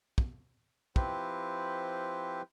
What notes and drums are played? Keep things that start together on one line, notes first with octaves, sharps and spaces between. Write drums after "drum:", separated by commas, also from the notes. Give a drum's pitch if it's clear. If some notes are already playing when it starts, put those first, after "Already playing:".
drum: kick
F3 C4 E4 G4 B4 C5, drum: kick